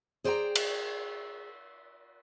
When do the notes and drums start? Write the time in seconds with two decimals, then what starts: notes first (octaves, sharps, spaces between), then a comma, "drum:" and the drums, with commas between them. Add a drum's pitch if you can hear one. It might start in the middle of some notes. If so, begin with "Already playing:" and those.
0.24 G#4 C5 D5 D#5 G5 A#5
0.56 drum: cymbal